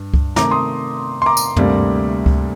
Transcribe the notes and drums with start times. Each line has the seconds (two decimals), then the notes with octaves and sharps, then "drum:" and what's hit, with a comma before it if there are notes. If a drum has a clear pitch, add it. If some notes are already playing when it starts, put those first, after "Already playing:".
Already playing: G2
0.14 drum: kick C#2
0.36 C3 D#3 A3 A#5 D6, drum: snare
0.51 C6 D#6
1.22 C6
1.26 A#5 D6
1.37 drum: tambourine
1.56 D2 C3 G3 A#3 D4, drum: tom
2.26 drum: kick C#2